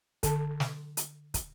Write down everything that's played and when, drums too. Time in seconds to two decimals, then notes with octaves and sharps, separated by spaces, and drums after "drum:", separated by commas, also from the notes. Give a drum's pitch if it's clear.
0.23 D3 A4 A5, drum: kick, hi-hat
0.60 drum: snare
0.97 drum: hi-hat
1.34 drum: kick, hi-hat